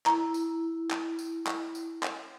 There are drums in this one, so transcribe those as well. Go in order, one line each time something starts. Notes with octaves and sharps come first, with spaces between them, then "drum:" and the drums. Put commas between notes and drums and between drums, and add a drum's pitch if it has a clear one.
E4 A#5, drum: clap
drum: tambourine
drum: clap
drum: tambourine
drum: clap
drum: tambourine
drum: clap